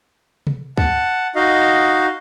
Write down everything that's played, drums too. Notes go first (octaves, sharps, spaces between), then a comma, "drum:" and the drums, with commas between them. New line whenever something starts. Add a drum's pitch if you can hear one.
drum: tom C3
F#5 A5, drum: kick
D#4 F#4 D#5 F5